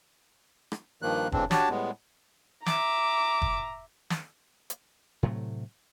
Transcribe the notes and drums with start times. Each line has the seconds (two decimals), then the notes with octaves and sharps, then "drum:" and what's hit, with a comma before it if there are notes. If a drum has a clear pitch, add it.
0.72 drum: rim click
1.02 G2 D#3 F3 A#3 F#6
1.32 A2 C#3 E3 C4 D4, drum: kick
1.51 D4 F#4 G4 C#5 D5 A5, drum: snare
1.69 A2 G3 G#3 B3
2.66 E5 A#5 D6, drum: snare
3.42 drum: kick
4.10 drum: snare
4.70 drum: hi-hat
5.23 A2 C3 F#3 A3